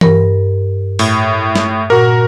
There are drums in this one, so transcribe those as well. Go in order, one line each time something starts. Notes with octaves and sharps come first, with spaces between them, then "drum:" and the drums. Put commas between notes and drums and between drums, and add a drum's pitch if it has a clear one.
G2 A#4, drum: tom E3
A2, drum: open hi-hat
drum: snare
A#2 F#4 A#4